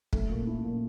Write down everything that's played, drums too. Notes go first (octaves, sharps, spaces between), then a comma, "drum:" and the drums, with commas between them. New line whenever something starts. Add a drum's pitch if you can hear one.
A3, drum: kick
A#2
E4
A#2